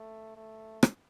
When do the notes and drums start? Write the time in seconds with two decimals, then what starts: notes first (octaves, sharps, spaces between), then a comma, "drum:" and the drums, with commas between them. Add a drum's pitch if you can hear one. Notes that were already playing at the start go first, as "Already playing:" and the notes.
Already playing: A3
0.36 A3
0.83 drum: rim click